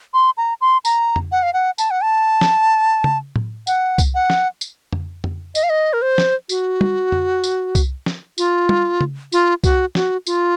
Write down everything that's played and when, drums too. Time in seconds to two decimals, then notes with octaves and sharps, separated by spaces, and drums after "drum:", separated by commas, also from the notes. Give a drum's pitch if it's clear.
0.14 C6
0.37 A#5
0.61 C6
0.85 A#5, drum: tambourine
1.16 drum: tom F2
1.32 F#5
1.43 F5
1.53 F#5
1.78 A5, drum: tambourine
1.91 F#5
2.03 A5
2.41 drum: snare
3.04 drum: tom C#3
3.36 drum: tom A2
3.67 F#5, drum: tambourine
3.98 drum: kick C2, tambourine
4.15 F#5
4.30 drum: snare
4.61 drum: tambourine
4.93 drum: tom F2
5.24 drum: tom F2
5.55 D#5, drum: tambourine
5.63 F5
5.70 D#5
5.93 A#4
6.02 C5
6.18 drum: snare
6.49 F#4, drum: tambourine
6.81 drum: tom
7.12 drum: tom F2
7.44 drum: tambourine
7.75 drum: kick C2, tambourine
8.06 drum: snare
8.38 F4, drum: tambourine
8.69 drum: tom
9.01 drum: tom C#3
9.32 F4, drum: tambourine
9.64 F#4, drum: kick C2, tambourine
9.95 F#4, drum: snare
10.27 F4, drum: tambourine